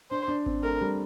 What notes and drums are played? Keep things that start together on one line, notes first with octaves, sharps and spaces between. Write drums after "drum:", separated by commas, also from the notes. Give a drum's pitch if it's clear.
D4 C5
D4
C4, drum: kick G#1
A3 A#4
G3